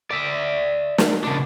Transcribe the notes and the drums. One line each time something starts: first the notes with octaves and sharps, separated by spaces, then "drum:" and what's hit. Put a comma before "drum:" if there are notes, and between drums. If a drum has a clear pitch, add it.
D5 E5
drum: snare
C#3 D4